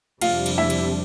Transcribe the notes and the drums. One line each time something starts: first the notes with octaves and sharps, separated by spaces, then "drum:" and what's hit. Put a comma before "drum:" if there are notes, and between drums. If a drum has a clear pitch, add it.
F2 C3 G3 D4 F4 F5, drum: cymbal
drum: cymbal
E4 E5
drum: cymbal